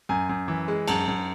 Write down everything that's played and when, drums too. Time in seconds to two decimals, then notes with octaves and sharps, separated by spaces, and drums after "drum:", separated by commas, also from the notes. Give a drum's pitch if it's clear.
0.09 F#2 G#5
0.29 F#2
0.48 E3
0.68 G#3
0.88 F#2 A5, drum: cymbal
1.08 F#2